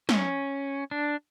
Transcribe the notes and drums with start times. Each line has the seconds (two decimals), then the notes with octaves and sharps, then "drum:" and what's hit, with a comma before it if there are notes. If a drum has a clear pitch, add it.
0.09 C#4, drum: snare
0.91 D4